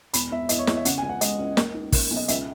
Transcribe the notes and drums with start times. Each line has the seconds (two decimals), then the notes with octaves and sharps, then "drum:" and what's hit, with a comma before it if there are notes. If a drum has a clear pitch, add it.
0.13 E1 B5, drum: hi-hat
0.32 E1 E5
0.49 E2 D#5, drum: hi-hat
0.59 C#5
0.67 E2, drum: snare
0.77 E5
0.85 C#3 F#5, drum: hi-hat
0.98 G#5
1.03 C#2
1.09 F#5
1.21 G#3 D#5, drum: hi-hat
1.39 C#2
1.57 A#3, drum: snare
1.74 D#4
1.92 A#3, drum: kick, open hi-hat
2.11 B1
2.17 D#5
2.28 C#2 E5, drum: hi-hat